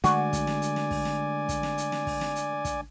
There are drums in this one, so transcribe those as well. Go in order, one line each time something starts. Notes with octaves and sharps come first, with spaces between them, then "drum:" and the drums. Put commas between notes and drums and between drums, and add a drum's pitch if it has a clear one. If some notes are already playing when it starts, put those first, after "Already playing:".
D3 G#3 A3 F#4 D5 G#5, drum: hi-hat
drum: kick, hi-hat
drum: snare
drum: hi-hat
drum: snare
drum: kick, open hi-hat
drum: snare
drum: kick, hi-hat
drum: snare
drum: hi-hat
drum: snare
drum: kick, open hi-hat
drum: snare
drum: hi-hat
drum: kick, hi-hat